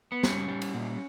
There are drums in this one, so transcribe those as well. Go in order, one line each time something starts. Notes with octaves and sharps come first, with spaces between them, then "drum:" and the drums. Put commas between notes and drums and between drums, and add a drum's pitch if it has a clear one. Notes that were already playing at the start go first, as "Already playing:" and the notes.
B3
G3 C#4, drum: snare
G3
drum: cymbal
A#2